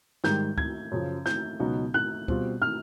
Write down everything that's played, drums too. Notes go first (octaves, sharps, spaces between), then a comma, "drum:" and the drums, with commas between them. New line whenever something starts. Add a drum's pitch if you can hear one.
G#2 D#3 G3 G6, drum: snare
G#6, drum: kick
F#2 C#3 F3
G6, drum: snare
C#2 B2 F#3 B3 D#4
F#6
B2 G3 C4 F4, drum: kick
F6